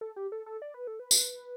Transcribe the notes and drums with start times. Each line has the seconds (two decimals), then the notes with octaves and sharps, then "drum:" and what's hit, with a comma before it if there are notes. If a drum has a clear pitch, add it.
0.01 A4
0.16 G4
0.32 A4
0.46 A4
0.62 D5
0.74 B4
0.87 A4
1.00 B4
1.11 drum: tambourine